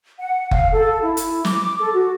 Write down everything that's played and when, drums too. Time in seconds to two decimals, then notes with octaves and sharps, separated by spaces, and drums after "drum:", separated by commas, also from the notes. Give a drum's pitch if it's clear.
0.19 F#5
0.51 F5, drum: kick F#1
0.72 A4
1.01 E4
1.17 drum: hi-hat
1.45 D6, drum: snare
1.79 A4
1.93 F#4